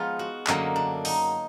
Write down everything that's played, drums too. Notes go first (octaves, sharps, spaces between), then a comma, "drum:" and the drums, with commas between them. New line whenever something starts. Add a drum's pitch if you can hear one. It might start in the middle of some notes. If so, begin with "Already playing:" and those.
Already playing: F3 G#3 B3 D#4 F4
F#4
F#2 D3 F#3 A#3 D#4, drum: clap
D4
D#4, drum: open hi-hat